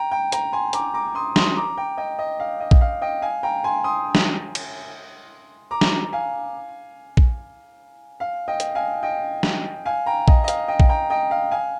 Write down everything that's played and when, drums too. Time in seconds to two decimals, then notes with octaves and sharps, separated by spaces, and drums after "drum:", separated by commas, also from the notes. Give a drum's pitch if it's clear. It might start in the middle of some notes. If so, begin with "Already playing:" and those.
Already playing: G5 A#5
0.11 G5 A#5
0.32 G5 A#5, drum: hi-hat
0.53 G#5 C6
0.73 A#5 D6, drum: hi-hat
0.94 A#5 D6
1.15 C6 D#6
1.36 C6 D#6, drum: snare
1.56 A#5 D6
1.77 G5 A#5
1.97 D#5 G5
2.19 D#5
2.40 F5
2.60 D#5
2.71 drum: kick A#1
2.81 F5
3.02 D#5 G5
3.22 F5 G#5
3.43 G5 A#5
3.64 G#5 C6
3.84 C6 D#6
4.15 drum: snare
4.55 drum: cymbal
5.71 A#5 D6
5.81 drum: snare
6.13 F5 G#5
7.17 drum: kick A#1
8.20 F5
8.48 D#5 G5
8.60 drum: hi-hat
8.75 F5 G#5
9.03 D#5 G5
9.43 drum: snare
9.86 F5 G#5
10.06 G5 A#5
10.28 D#5, drum: kick A#1
10.44 D#5
10.48 F5, drum: hi-hat
10.68 D#5 G5
10.80 drum: kick A#1
10.89 G5 A#5
11.10 D#5 G5
11.31 F5
11.51 F5 G#5